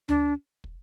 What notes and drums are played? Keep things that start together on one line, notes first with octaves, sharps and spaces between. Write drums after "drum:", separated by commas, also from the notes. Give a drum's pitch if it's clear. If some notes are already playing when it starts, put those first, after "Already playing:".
D4, drum: tom D2
drum: kick